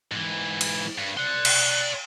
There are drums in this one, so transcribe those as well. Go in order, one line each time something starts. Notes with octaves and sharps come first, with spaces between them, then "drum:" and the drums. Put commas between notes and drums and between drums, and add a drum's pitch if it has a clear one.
G#2 E3
drum: cymbal
G2
D5 C6 F#6
drum: cymbal